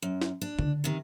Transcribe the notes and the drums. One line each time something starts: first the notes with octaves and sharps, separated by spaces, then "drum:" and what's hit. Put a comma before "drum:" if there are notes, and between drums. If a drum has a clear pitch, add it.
F#2
drum: snare
D4
D3, drum: tom C#3
C3 D#3